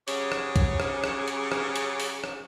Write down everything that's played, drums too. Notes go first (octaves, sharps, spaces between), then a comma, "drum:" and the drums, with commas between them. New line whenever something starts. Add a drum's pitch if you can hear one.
C#3 F#3 C#4 G4 G#4 C#5, drum: open hi-hat
drum: rim click
drum: kick C2, hi-hat
drum: rim click
drum: rim click
drum: hi-hat
drum: rim click
drum: hi-hat
drum: open hi-hat
drum: rim click